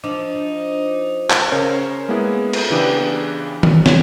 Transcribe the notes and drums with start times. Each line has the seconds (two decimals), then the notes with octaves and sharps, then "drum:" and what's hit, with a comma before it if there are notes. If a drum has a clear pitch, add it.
0.04 F3 D4 D#4
1.30 drum: clap
1.52 C#3 C#4 A#4 C5 C#5
2.09 G#3 A#3 B3 E4 G#4
2.53 drum: cymbal
2.70 C#3 E3 B3 D4 G4 G#4
3.63 drum: tom D#3
3.86 E3 F3 G3 D4 C#5, drum: snare